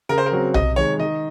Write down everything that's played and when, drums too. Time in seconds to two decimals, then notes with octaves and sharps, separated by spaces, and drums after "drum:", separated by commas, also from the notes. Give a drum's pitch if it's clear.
0.09 C#3 A#4
0.18 C5
0.26 A#4
0.32 F#3 C4 F#4
0.54 C3 D#5, drum: tom B1
0.76 D#3 G#3 C#5
0.99 D#3 D#5